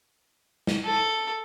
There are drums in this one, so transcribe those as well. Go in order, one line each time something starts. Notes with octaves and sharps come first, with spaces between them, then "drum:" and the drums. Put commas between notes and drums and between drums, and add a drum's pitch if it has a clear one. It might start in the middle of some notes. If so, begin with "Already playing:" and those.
drum: snare
A4